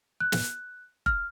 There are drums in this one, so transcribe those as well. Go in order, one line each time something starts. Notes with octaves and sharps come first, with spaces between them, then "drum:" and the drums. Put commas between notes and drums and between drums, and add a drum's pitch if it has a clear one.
F#6
drum: snare
F6, drum: kick F1